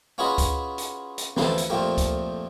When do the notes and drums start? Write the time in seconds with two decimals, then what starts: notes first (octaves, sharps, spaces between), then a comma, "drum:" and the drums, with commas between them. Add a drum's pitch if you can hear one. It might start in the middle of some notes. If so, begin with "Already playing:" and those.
0.18 C#4 F4 F#4 G#4 B4 D#5
0.38 drum: kick C#2, hi-hat
0.78 drum: hi-hat
1.18 drum: hi-hat
1.37 D2 E3 F3 A4 D#6, drum: snare
1.58 drum: hi-hat
1.69 F2 A#2 F3 A3 G4 A#4
1.98 drum: kick C#2, hi-hat